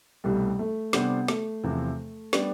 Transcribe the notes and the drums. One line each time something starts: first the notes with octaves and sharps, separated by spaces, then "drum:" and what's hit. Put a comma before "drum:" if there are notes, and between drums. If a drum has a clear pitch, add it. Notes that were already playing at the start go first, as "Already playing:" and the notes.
C2 B2 G3 A3 C4
A3
C3 G3 B3 D4 A4 C5, drum: snare
A3, drum: snare
E2 C3 F3 C4 E4
G3 B3 D4 G4 D5, drum: snare